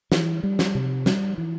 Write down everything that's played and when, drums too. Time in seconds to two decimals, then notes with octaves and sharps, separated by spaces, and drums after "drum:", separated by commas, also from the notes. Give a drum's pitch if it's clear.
0.12 E3, drum: snare
0.43 G3
0.59 drum: snare
0.75 C3
1.06 G3, drum: snare
1.38 E3